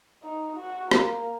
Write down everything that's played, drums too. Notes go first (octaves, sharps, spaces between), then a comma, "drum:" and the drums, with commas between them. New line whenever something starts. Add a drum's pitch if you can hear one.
D#4
F#4
A#3, drum: rim click